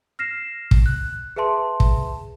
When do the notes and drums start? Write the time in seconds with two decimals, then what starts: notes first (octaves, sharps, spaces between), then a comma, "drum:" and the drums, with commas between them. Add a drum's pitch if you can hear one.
0.19 F6 A#6 C7 E7
0.71 drum: kick
0.86 F#6
1.36 G#4 B4 E5 A5 C6
1.80 drum: kick